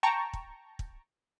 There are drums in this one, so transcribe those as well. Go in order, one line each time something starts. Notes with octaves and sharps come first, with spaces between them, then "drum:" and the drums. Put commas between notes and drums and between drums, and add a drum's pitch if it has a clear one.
G5 A5 A#5 C#6
drum: kick
drum: kick